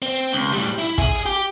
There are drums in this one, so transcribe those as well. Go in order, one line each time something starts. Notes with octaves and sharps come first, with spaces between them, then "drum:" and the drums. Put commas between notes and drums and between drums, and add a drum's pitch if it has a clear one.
C4
C#2
A2 G3
E4, drum: hi-hat
G#4, drum: kick, hi-hat
drum: hi-hat
G4